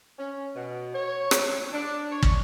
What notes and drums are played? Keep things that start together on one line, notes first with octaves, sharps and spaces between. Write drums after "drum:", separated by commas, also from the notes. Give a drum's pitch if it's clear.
C#4
B2
C#5
drum: rim click
D4
C#5
drum: kick